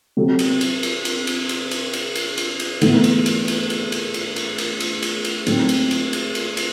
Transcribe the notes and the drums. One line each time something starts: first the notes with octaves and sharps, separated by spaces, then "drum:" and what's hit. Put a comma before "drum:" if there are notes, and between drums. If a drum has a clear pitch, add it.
C3 F#3 C4 F#4 A4
drum: cymbal
drum: cymbal
drum: cymbal
drum: cymbal
drum: cymbal
drum: cymbal
drum: cymbal
drum: cymbal
drum: cymbal
drum: cymbal
drum: cymbal
A2 E3 B3, drum: cymbal
drum: cymbal
drum: cymbal
drum: cymbal
drum: cymbal
drum: cymbal
drum: cymbal
drum: cymbal
drum: cymbal
drum: cymbal
drum: cymbal
drum: cymbal
A2 F#3 C4 D#4, drum: cymbal
drum: cymbal
drum: cymbal
drum: cymbal
drum: cymbal
drum: cymbal